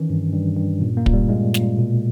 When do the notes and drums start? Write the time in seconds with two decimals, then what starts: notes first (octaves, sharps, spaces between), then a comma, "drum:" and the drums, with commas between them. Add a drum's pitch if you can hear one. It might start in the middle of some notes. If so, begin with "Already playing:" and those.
Already playing: D#3 E3 C#4
0.10 G2
0.33 G2
0.57 G2
0.81 A#2
0.97 A#3
1.06 A#2, drum: kick
1.14 G3
1.29 A#2 G#3
1.54 A#2, drum: snare
1.78 B2